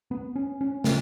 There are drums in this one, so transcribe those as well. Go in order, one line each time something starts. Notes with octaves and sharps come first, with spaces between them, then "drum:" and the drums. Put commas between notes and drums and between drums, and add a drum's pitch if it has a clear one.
B3
C#4
C#4
C#3 C#4, drum: snare